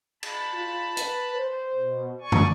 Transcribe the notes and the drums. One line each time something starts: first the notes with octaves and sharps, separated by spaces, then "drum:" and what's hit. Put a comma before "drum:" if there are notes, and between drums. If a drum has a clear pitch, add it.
A5 B5, drum: cymbal
F4
B4, drum: hi-hat
C5
B2
D5 G#5 C#6
drum: tom